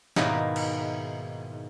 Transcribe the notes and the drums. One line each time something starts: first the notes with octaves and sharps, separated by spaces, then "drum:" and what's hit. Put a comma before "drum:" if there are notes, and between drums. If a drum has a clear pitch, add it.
G#2 B2 D#3 A#3 E4, drum: snare
drum: cymbal